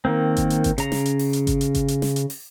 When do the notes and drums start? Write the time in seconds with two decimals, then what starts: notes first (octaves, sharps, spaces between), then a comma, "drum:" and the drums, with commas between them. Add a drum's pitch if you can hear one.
0.05 D#3 A#3 C4
0.36 drum: kick G#1, hi-hat
0.50 drum: hi-hat
0.64 drum: kick G#1, hi-hat
0.78 C#3 A#5, drum: hi-hat
0.92 drum: snare
1.06 drum: hi-hat
1.19 drum: open hi-hat
1.33 drum: hi-hat
1.47 drum: kick G#1, hi-hat
1.61 drum: hi-hat
1.75 drum: kick G#1, hi-hat
1.88 drum: hi-hat
2.02 drum: snare
2.16 drum: hi-hat
2.30 drum: open hi-hat